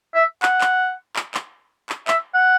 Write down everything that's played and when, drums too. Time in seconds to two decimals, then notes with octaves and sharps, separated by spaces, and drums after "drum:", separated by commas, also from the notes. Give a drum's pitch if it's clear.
0.15 E5
0.43 F#5, drum: clap
0.61 drum: clap
1.16 drum: clap
1.34 drum: clap
1.89 drum: clap
2.08 E5, drum: clap
2.35 F#5